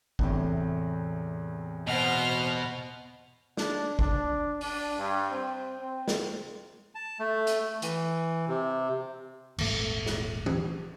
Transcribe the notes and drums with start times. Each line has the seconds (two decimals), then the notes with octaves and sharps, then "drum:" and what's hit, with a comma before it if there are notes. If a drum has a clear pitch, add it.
0.19 E2 A2 C3, drum: kick
1.87 B2 C5 D#5 F#5 F6
3.57 D4, drum: snare
3.99 D4, drum: kick
4.61 D4, drum: open hi-hat
4.99 G2
5.31 C4
5.79 C4
6.08 drum: snare
6.95 A5
7.19 A3
7.47 drum: hi-hat
7.82 E3, drum: hi-hat
8.48 C3
9.58 D#1 G#1 A3, drum: cymbal
10.06 drum: snare
10.46 drum: tom E3